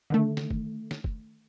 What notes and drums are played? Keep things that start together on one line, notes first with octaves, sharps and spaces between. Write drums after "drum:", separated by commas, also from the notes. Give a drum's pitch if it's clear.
D3 D#3 A3
drum: snare
drum: kick
drum: snare
drum: kick